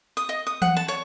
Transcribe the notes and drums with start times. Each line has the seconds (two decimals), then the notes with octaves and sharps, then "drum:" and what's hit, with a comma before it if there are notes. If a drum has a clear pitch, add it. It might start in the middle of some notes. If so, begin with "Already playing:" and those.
0.17 D#6
0.29 D#5
0.47 D#6
0.62 F#5, drum: tom E3
0.77 A5
0.88 C#5